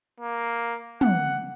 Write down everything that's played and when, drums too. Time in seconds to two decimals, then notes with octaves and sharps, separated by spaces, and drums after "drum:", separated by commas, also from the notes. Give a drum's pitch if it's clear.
0.20 A#3
1.01 F#5, drum: tom